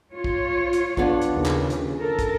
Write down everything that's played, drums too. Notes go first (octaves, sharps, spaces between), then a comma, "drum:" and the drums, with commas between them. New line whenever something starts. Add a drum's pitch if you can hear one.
F4 C#5
drum: kick
drum: hi-hat
F3 B3 D4, drum: kick
drum: hi-hat
D#2 C#3
drum: clap
drum: hi-hat
A4 A#4
drum: kick, hi-hat